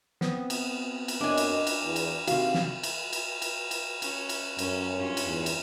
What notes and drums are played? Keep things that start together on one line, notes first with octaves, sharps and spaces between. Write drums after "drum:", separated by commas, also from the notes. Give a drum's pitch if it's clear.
B3 C4 D#6, drum: snare
drum: cymbal
drum: cymbal
F#2 D4 D#5 G#5
drum: cymbal
drum: cymbal
E2
drum: cymbal
C3 D#3 F#4 F5, drum: cymbal
drum: snare
drum: cymbal
drum: cymbal
drum: cymbal
drum: cymbal
C#4, drum: cymbal
drum: cymbal
F#2 C#4, drum: cymbal
G2 C#4 F4
drum: cymbal
E2
drum: cymbal